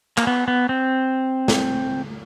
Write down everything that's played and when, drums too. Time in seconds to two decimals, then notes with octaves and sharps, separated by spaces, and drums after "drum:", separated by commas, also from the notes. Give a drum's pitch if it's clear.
0.18 A#3, drum: clap
0.27 B3
0.48 B3
0.69 C4
1.48 drum: snare